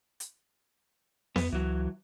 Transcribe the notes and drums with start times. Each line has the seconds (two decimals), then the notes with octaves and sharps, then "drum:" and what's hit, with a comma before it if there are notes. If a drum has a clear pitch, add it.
0.20 drum: hi-hat
1.36 F2 B3, drum: snare B3
1.53 C#2 E3 F#3